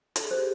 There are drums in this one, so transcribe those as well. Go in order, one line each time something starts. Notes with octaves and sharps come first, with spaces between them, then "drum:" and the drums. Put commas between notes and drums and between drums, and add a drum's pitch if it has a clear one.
A4 E5, drum: hi-hat
G#4
G4 C5